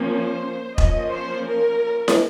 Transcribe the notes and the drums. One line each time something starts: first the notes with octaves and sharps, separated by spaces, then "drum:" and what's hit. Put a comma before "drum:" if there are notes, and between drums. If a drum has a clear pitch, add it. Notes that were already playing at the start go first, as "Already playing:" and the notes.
Already playing: F3 A#3 C#4
C5
F3 A#3 C#4 D#5, drum: kick E1
C5
A#4
drum: snare